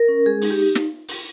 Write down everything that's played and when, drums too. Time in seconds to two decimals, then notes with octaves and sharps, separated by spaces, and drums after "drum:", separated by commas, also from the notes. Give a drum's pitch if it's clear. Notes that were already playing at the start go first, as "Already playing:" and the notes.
Already playing: A#4
0.08 C#4
0.26 G#3 G#4
0.42 D#4, drum: open hi-hat
0.51 G4
0.59 D#4
0.75 drum: snare
1.08 drum: open hi-hat